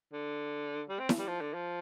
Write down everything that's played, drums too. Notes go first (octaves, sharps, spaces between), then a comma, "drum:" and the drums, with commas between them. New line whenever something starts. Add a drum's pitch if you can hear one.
D3
G3
C4
drum: snare E4
G3
F3
D3
F3